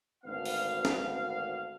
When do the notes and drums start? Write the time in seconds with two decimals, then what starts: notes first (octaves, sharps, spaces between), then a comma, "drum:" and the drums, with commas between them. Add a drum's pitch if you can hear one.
0.24 G#1 D2 B3 D4 F5
0.45 drum: open hi-hat
0.85 drum: snare